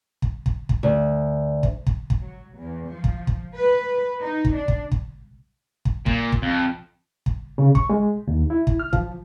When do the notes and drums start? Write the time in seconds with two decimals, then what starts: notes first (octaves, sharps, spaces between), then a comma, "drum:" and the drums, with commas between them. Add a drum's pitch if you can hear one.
0.22 drum: kick
0.46 drum: kick
0.69 drum: kick
0.83 D2
1.63 drum: kick
1.86 drum: kick
2.10 drum: kick
2.20 F#3
2.57 E2
2.87 F3
3.04 drum: kick
3.27 drum: kick
3.55 B4
4.21 D#4
4.45 drum: kick
4.56 D4
4.68 drum: kick
4.91 drum: kick
5.85 drum: kick
6.06 A#2, drum: kick
6.32 drum: kick
6.42 F2
7.26 drum: kick
7.58 C#3
7.75 C#6, drum: kick
7.90 G#3
8.28 D#2
8.50 E4
8.67 drum: kick
8.80 F6
8.93 F3, drum: kick